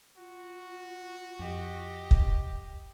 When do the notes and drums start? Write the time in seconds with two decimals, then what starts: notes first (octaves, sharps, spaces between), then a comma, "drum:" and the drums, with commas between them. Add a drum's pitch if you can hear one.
0.18 F4 F#4
1.39 F2 G4 D#5
2.11 drum: kick